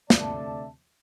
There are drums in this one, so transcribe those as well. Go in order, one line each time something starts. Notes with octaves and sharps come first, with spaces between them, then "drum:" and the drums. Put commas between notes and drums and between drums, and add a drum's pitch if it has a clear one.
D2 C3 A3 D5 E5 A5, drum: snare